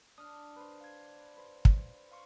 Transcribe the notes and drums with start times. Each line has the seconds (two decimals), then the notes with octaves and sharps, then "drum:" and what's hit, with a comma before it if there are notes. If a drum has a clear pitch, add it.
0.18 D4 D#6 F6
0.56 B4 C5
0.80 F5 G#6
1.37 B4 C5
1.65 drum: kick
2.11 F5 C6 C#6